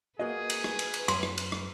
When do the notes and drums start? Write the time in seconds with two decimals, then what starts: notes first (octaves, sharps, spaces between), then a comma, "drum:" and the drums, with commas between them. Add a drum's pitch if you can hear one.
0.19 A#3 F#4 G#4 B4 D#5
0.50 drum: cymbal
0.64 drum: rim click
0.79 drum: cymbal
0.94 drum: cymbal
1.08 F#2 C6, drum: cymbal
1.23 drum: rim click
1.38 drum: cymbal
1.52 drum: rim click